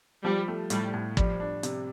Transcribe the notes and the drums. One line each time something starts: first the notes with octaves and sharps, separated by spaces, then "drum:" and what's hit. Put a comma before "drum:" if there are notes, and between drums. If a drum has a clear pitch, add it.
F3 G3
A3
A2 G3, drum: hi-hat
A2
F3 G3, drum: kick
D4
C3, drum: hi-hat